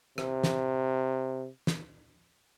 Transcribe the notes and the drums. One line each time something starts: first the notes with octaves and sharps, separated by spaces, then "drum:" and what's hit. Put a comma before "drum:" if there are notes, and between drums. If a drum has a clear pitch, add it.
C3, drum: rim click
drum: snare
drum: snare